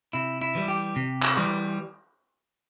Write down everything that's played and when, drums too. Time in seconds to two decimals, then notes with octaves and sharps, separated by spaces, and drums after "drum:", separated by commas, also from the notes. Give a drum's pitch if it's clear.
0.13 C3 E4
0.41 E4
0.55 E3 G3
0.68 G4
0.96 C3
1.22 drum: clap
1.37 E3 G3